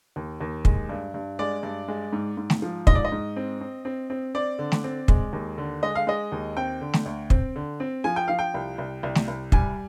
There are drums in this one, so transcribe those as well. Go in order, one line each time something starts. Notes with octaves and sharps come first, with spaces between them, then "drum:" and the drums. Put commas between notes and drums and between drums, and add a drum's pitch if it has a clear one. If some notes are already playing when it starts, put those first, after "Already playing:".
D#2
D#2
G#3, drum: kick
G2
G2
G#3 D5
G2
G#3
G#2
G#2
drum: snare A3
F3
G#2 D#5, drum: kick
D5
D#5
G#2
C4
C4
C4
C4
C4 D5
D3
drum: snare A3
C4
G#3, drum: kick
D#2
D3
G#3 D#5
F5
G#3 D#5
D#2
C4 G5
D3
drum: snare A3
D2
C4, drum: kick
D3
C4
F3 G#5
G5
F3 F5
G5
C2
C2
C2
drum: snare A3
C2
G3 G#5, drum: kick